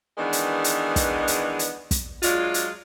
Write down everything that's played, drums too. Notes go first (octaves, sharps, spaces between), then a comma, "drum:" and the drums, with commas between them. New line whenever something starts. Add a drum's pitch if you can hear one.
D#3 E3 G#3 B3 D4
drum: hi-hat
drum: hi-hat
drum: kick, hi-hat
drum: hi-hat
drum: hi-hat
drum: kick, hi-hat
F#3 G#3 D4 F4, drum: hi-hat
drum: hi-hat